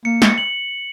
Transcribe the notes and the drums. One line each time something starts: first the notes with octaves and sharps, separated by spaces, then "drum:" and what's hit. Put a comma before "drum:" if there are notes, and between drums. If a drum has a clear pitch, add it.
A#3 C#7
C#7, drum: snare
F#7